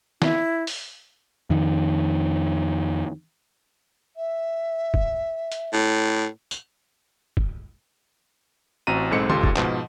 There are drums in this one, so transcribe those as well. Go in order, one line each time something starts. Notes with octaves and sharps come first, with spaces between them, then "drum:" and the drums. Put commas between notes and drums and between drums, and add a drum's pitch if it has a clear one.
E4, drum: snare
drum: open hi-hat
F2 D#3
E5
drum: kick
drum: hi-hat
A2
drum: tambourine
drum: kick
A1 C4 F#4 A#5 D#7
B1 G#2 G#3 C4 A4 C#7
G#1 C#2 F4 G4 A4 C6, drum: tom
drum: kick
G#2 B2 F3, drum: clap